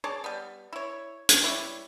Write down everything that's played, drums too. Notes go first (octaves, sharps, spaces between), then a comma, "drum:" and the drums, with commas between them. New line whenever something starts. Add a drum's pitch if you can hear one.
G#4 C#5 D5 A5
G3 B3
E4 C#5
drum: hi-hat
G3 E4 G4 C#5